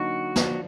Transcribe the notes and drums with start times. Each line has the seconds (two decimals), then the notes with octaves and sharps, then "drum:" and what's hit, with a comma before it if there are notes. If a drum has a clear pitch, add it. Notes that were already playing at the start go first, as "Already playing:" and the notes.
Already playing: D3 F#3 A#3 D#4 F#4
0.36 F3 A#3 D4, drum: snare